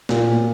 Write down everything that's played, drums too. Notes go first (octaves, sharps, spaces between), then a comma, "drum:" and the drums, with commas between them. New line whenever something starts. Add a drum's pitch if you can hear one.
A#2, drum: snare